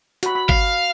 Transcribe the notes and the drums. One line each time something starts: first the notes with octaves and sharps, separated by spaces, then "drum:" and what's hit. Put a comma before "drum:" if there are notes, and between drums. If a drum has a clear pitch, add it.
F#4 B5, drum: hi-hat
B5
F5, drum: kick G1